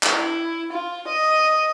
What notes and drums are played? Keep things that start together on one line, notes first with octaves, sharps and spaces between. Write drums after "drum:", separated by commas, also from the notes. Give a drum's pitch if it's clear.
drum: clap
E4
F4
D#5